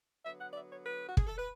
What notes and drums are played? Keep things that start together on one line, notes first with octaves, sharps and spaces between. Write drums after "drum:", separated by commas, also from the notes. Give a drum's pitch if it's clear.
D3 F#3 B3 E5
F#5
D5
E5
C#5
B4
F#4
G#4, drum: kick
A4
B4